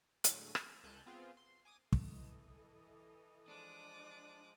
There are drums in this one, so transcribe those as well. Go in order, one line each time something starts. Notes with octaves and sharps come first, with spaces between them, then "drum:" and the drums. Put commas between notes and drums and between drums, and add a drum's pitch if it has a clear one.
A2 D3 F#3 G#3 A3, drum: hi-hat
G#4, drum: rim click
C#2 A4 G#5 A5 F#6 G6
B3 C4 F4 G#4
C6
G#5 D6 D#6 D#7
E3 A4 D#5, drum: kick
F3 G#3 D4 D6 D#6 F#6